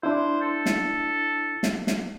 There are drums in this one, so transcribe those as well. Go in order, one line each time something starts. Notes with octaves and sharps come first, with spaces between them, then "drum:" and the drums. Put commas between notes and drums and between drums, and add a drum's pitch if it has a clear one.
D4 E4 C5
A4
drum: snare
drum: snare
drum: snare